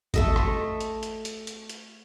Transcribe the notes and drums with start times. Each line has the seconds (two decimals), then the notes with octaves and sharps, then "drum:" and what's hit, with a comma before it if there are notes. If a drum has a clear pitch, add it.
0.14 A3 A4 D#5, drum: kick G#1, hi-hat
0.36 drum: rim click
0.80 drum: hi-hat
1.03 drum: hi-hat
1.25 drum: hi-hat
1.47 drum: hi-hat
1.69 drum: hi-hat